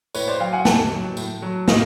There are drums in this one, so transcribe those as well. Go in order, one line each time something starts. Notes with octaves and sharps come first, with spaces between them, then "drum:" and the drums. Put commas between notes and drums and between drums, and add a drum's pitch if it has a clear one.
A2 B4 C#5, drum: tambourine
C5 D5
F#3 F5 G5
F#5 G#5
A2 G5 A5, drum: snare
F#3
A2, drum: tambourine
F#3
A2 D#5 F5, drum: snare